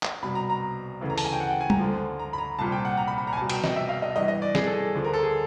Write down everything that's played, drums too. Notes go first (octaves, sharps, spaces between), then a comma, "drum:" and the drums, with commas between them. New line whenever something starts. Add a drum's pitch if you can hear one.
drum: clap
C2 B2 B5
A#5
A#5
D2 C#3 E3
A#5
A5, drum: open hi-hat
G#5
G5
F#5
G5
G#5
A#5, drum: tom
D2 D3 F3
A#5
B5
A#5
C2 A#2 F3 A5
G5
F#5
A#5
B5
B5
A#5
G#5
C2 B2 A5
G5, drum: cymbal
D#5, drum: snare
E5
F5
D#5
G2 E3 D#5
D#5
D5
G#4, drum: snare
A4
G#4
D2 D3 F3
A#4
A4
G#4